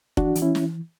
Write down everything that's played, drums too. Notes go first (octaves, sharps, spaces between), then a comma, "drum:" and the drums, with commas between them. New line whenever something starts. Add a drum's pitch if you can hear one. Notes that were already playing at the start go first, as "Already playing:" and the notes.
E3 D4 F#4, drum: kick F1
E3, drum: hi-hat
C#4 E4
drum: snare